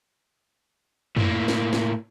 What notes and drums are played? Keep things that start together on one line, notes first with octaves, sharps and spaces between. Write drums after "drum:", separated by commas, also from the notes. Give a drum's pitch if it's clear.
A2 A#3, drum: tom
drum: snare
drum: snare